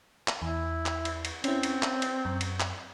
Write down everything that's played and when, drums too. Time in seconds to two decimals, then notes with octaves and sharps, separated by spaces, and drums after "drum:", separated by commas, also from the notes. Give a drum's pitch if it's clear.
0.28 drum: clap
0.42 E2 E4
0.86 drum: clap
1.05 drum: cymbal
1.25 drum: cymbal
1.44 C4 C#4 E4, drum: cymbal
1.63 drum: cymbal
1.83 drum: clap
2.02 drum: cymbal
2.25 F#2
2.41 drum: cymbal
2.60 drum: clap